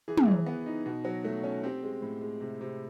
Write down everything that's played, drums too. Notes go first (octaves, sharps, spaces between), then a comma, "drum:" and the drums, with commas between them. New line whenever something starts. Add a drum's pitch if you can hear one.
E3 G#4
drum: tom
E3
B3
D#4
B2
F#3
A3
C#4
C4 G4
G#3
A2
G#3
C3
C3